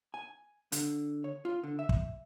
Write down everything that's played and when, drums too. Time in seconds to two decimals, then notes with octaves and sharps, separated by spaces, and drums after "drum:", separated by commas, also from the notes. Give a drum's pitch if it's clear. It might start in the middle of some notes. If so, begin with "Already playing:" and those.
0.14 G#5
0.72 D3, drum: hi-hat
1.24 C#5
1.45 F4
1.63 D3
1.79 E5
1.89 drum: kick